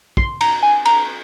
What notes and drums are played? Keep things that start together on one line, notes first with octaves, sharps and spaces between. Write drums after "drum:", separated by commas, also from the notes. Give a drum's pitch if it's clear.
C6, drum: kick
A#5, drum: cymbal
G#5
A#5, drum: cymbal